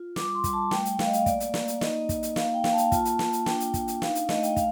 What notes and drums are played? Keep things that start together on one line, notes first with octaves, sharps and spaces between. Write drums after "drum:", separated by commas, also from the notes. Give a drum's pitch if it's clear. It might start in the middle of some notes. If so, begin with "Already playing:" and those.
Already playing: F4
G3 D6, drum: snare
C6
G3, drum: kick, hi-hat
A5
A3 G5, drum: snare
drum: hi-hat
A3 F5, drum: snare
D#5
F5, drum: hi-hat
A#3 D5, drum: kick, hi-hat
drum: hi-hat
A#3, drum: snare
drum: hi-hat
D#4 D#5, drum: snare
D#4, drum: kick, hi-hat
drum: hi-hat
A#3 F5, drum: snare
G5
A#3 F5, drum: snare
A5
G5, drum: hi-hat
F4 A5, drum: kick, hi-hat
drum: hi-hat
A#3, drum: snare
drum: hi-hat
D4 G5, drum: snare
drum: hi-hat
D4, drum: kick, hi-hat
drum: hi-hat
D#4 F5, drum: snare
drum: hi-hat
A3 D#5, drum: snare
G5, drum: hi-hat
F5, drum: kick, hi-hat